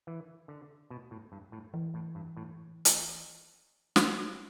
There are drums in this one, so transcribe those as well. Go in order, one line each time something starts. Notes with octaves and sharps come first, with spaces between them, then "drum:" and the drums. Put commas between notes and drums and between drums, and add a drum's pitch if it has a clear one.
E3
D3
B2
A2
G2
A2
E3
A2
G2
A2
drum: hi-hat
drum: snare